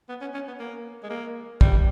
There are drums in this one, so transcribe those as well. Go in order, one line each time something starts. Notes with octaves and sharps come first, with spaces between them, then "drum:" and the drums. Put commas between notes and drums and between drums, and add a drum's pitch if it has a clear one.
B3
C#4
C#4
B3
A#3
G#3
A#3
G3, drum: kick